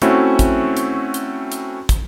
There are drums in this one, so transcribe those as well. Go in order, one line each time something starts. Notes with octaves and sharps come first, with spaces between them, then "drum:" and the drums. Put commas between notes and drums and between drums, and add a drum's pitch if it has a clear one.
A3 C4 C#4 E4 F#4, drum: hi-hat
drum: kick, hi-hat
drum: hi-hat
drum: hi-hat
drum: hi-hat
drum: kick, hi-hat